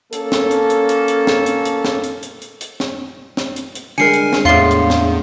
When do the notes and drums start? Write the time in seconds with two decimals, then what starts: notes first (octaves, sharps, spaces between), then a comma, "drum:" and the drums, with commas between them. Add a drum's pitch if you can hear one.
0.13 A#3 C#4 A4, drum: hi-hat
0.32 drum: snare
0.51 drum: hi-hat
0.70 drum: hi-hat
0.89 drum: hi-hat
1.08 drum: hi-hat
1.27 drum: snare
1.46 drum: hi-hat
1.65 drum: hi-hat
1.85 drum: snare
2.04 drum: hi-hat
2.23 drum: hi-hat
2.42 drum: hi-hat
2.61 drum: hi-hat
2.80 drum: snare
3.37 drum: snare
3.56 drum: hi-hat
3.75 drum: hi-hat
3.98 D3 G3 G#3 A#4 G#5 C7 C#7
4.14 drum: hi-hat
4.33 drum: snare
4.45 E2 A2 F4 F5 C7 G7
4.71 drum: hi-hat
4.90 drum: snare